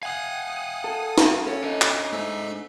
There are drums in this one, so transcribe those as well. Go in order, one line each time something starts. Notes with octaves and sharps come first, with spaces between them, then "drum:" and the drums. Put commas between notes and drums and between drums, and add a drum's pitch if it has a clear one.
F5 F#5 G#5 D#6
A4
drum: snare
C#4 A4 C#5
D4 D#5
drum: clap
G#2 A3 E5